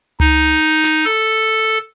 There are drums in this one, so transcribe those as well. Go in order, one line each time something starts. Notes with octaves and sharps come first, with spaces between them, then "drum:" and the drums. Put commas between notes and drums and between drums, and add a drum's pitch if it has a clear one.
D#4, drum: tom C#2
drum: snare
A4